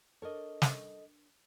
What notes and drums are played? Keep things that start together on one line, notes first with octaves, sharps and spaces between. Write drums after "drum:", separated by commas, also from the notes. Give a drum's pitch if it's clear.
D4 A4 A#4 C#5 D#5
drum: snare